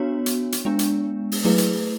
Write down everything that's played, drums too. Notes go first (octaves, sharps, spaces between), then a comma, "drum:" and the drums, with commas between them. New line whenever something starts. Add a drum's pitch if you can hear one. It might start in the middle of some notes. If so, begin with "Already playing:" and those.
Already playing: B3 D4 F#4 C#5
drum: hi-hat
drum: hi-hat
G#3 B3 D4
drum: hi-hat
drum: open hi-hat
F#3 A3 E4 G#4 B4
drum: hi-hat